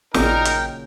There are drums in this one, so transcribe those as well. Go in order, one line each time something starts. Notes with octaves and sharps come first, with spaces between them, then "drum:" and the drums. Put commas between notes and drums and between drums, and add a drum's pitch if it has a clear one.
A1 A#2 C#3 F#3 D#4 A#4 G5, drum: snare
drum: hi-hat